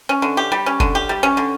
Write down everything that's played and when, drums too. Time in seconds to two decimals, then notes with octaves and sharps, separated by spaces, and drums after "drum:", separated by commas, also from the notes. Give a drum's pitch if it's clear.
0.09 C#4
0.22 D3
0.37 G4
0.52 G3
0.66 C#4
0.80 D3, drum: kick
0.95 G4
1.09 G3
1.23 C#4
1.37 D3